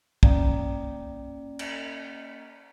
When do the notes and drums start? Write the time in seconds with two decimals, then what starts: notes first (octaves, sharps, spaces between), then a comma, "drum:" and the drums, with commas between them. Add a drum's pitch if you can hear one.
0.23 A#3 C#4 D5 F5 G5 A#5, drum: kick
1.59 drum: cymbal